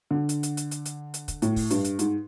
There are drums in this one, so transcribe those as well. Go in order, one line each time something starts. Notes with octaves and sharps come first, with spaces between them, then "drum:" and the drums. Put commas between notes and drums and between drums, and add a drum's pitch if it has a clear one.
D3
drum: hi-hat
drum: hi-hat
drum: hi-hat
drum: hi-hat
drum: hi-hat
drum: hi-hat
drum: kick, hi-hat
A2, drum: hi-hat
drum: kick, open hi-hat
G2, drum: hi-hat
drum: hi-hat
G#2, drum: hi-hat